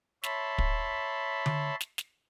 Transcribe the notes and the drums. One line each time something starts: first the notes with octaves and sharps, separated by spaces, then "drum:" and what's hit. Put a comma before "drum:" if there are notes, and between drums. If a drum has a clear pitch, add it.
C#5 E5 A5 B5 C6, drum: snare
drum: kick
drum: tom D3
drum: snare
drum: snare